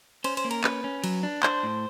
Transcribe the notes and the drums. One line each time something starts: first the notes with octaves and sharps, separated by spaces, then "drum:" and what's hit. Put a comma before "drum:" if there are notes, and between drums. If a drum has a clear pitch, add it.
C#4 C5, drum: cymbal
C5, drum: cymbal
A#3
A#4, drum: cymbal
C#4 B4, drum: clap
C#4
F#3, drum: cymbal
D4
D4 C5, drum: clap
A2